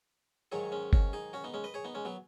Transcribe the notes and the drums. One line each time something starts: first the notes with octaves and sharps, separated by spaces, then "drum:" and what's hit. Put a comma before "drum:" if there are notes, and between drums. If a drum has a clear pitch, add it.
G#2 D#3 F#3 G#4 C#5
G#3 C#4
C#4 F#4, drum: kick G1
D#4 G#4
C#4 F#4
B3 D#4
G#3 C#4
B4 D#5
G#4 C#5
B3 D#4
G#3 C#4
F#3 B3